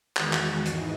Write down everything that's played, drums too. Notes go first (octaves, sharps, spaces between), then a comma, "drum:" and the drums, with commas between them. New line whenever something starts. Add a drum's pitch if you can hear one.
E2 D#3 G#3 F#4, drum: clap
drum: clap
G#2 E3 D#4, drum: hi-hat